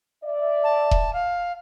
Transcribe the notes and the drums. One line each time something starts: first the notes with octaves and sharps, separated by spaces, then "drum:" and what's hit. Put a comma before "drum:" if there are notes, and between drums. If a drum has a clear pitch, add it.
D5 E5
A5
drum: kick E1
F5